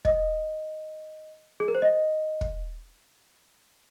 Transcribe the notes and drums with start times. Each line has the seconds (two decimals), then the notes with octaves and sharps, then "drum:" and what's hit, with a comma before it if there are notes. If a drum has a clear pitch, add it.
0.05 D#5, drum: kick
1.60 G#4
1.68 A#4
1.75 C5
1.82 D#5
2.41 drum: kick